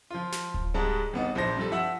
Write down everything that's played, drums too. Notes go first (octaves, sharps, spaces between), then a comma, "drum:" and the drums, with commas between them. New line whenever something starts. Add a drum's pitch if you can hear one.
F3 F4
drum: snare
drum: kick D1
G#2 G3 G#3 A5
G1 B3 D#4
A#1 F3 C5 A#6
G2 G3 A4
F3 E5 F#5 E6